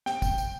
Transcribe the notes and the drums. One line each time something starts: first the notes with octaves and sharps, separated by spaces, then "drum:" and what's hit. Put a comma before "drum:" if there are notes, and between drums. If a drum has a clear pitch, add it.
G5, drum: snare
drum: kick, tambourine
drum: tambourine